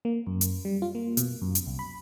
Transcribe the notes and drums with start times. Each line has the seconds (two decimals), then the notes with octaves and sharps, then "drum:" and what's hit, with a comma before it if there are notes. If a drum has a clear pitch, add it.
0.05 A#3
0.27 F#2
0.41 drum: hi-hat
0.65 G3
0.82 F4
0.95 A#3
1.17 B2, drum: hi-hat
1.42 F#2
1.55 drum: hi-hat
1.67 C2
1.79 B5